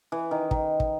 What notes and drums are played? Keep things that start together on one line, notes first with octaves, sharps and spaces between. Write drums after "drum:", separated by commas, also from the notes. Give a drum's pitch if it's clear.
E3
D#3
D#3, drum: kick
drum: kick